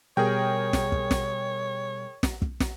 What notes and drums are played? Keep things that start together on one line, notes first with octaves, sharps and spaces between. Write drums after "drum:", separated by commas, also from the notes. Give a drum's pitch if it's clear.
B2 G3 G#4 A#4 C#5 G5
drum: snare
drum: kick
drum: snare
drum: snare
drum: kick
drum: snare